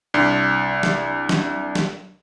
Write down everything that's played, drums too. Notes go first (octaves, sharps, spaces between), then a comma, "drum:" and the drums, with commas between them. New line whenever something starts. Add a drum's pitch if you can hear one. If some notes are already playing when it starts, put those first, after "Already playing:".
C2 D4
drum: snare
drum: snare
drum: snare